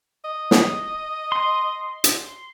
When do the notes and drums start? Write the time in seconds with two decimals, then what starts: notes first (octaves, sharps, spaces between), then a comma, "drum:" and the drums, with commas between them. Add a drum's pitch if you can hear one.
0.25 D#5
0.51 drum: snare
1.32 C6
2.04 drum: hi-hat